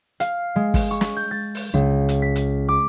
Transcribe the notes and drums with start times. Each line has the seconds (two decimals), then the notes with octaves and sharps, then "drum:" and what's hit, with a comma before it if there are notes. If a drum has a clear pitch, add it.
0.20 F5, drum: hi-hat
0.56 G#3
0.74 drum: kick, open hi-hat
0.91 C#6
1.01 drum: snare
1.16 G6
1.31 A6
1.55 drum: open hi-hat
1.74 C#2
2.09 drum: hi-hat
2.22 B6
2.36 drum: hi-hat
2.69 D6